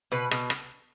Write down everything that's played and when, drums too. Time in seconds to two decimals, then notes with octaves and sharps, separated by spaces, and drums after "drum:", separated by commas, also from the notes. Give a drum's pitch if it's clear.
0.12 B2 B4
0.31 B2, drum: rim click
0.50 drum: rim click